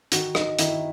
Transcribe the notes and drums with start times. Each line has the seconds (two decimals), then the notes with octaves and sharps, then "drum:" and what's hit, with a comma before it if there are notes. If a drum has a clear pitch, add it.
0.12 D#3 F#4, drum: hi-hat
0.35 D#4, drum: rim click
0.59 D#3 E4, drum: hi-hat